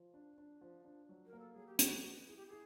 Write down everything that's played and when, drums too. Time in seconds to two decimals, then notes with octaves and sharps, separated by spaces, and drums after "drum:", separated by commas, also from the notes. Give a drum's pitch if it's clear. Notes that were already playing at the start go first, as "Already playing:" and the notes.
Already playing: F3
0.14 D4
0.38 D4
0.61 F3
0.85 D4
1.09 F#3
1.26 A#4
1.33 A#3
1.39 A4
1.53 F#3 G#4
1.67 G4
1.79 B3 F#4, drum: hi-hat
2.03 B3
2.27 E4 G#4
2.37 G4
2.47 E4 G#4